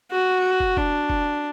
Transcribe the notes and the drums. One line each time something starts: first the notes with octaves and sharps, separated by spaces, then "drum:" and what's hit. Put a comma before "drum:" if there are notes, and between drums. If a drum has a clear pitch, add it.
F#4
drum: kick
D4, drum: kick
drum: kick